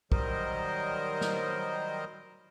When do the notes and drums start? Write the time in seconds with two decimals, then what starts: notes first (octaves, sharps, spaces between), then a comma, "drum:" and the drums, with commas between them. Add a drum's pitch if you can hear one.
0.12 D#3 F#3 G3 A#4 C5 D#5, drum: kick
1.21 drum: snare